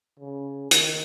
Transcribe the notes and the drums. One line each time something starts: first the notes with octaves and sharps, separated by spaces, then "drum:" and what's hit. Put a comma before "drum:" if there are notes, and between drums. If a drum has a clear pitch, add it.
C#3
D#3, drum: hi-hat